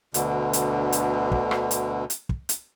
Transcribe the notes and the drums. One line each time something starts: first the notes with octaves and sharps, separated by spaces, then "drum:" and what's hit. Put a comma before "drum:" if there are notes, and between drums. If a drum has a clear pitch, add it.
D2 B2 D3, drum: hi-hat
drum: hi-hat
drum: hi-hat
drum: kick
drum: rim click
drum: hi-hat
drum: hi-hat
drum: kick
drum: hi-hat